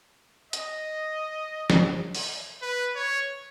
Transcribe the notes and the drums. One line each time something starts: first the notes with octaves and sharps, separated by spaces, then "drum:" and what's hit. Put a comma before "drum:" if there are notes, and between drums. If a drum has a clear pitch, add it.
D#5, drum: hi-hat
drum: snare
drum: open hi-hat
B4
C#5